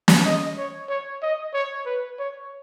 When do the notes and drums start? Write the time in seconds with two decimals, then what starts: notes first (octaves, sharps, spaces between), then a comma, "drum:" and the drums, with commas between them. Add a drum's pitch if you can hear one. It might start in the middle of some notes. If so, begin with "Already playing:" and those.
0.08 drum: snare
0.26 D#5
0.58 C#5
0.89 C#5
1.23 D#5
1.54 C#5
1.86 B4
2.19 C#5